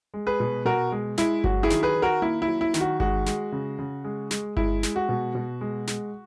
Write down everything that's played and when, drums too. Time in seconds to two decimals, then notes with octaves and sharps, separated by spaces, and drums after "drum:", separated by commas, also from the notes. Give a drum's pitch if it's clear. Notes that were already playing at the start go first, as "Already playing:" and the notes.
0.14 G#3
0.27 G#4 B4
0.40 B2
0.65 B2 F#4 A#4
0.92 G#3
1.17 G#3 E4, drum: snare
1.44 F#3 F#4, drum: kick G1
1.63 E4 G#4
1.70 D#3, drum: snare
1.83 G#4 B4
1.96 D#3
2.02 F#4 A#4
2.22 A#3 E4
2.42 E4
2.48 F#3
2.61 E4
2.74 D#3, drum: snare
2.81 F#4
3.00 G#3 F#4, drum: kick G1
3.26 G#3, drum: snare
3.52 C#3
3.79 C#3
4.04 G#3
4.31 G#3, drum: snare
4.57 G#3 E4, drum: kick G1
4.83 G#3, drum: snare
4.96 F#4
5.09 B2
5.35 B2
5.61 G#3
5.87 G#3, drum: snare